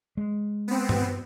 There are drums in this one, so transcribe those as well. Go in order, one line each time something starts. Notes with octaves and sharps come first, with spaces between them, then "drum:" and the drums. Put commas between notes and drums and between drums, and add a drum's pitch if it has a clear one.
G#3
B3 C4
drum: tom G2